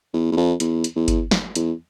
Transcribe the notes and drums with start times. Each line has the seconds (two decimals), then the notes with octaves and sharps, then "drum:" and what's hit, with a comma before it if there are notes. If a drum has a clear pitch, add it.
0.13 E2
0.32 E2
0.37 F2
0.60 E2, drum: hi-hat
0.84 drum: hi-hat
0.96 E2
1.08 drum: kick G1, hi-hat
1.31 drum: snare
1.55 E2, drum: hi-hat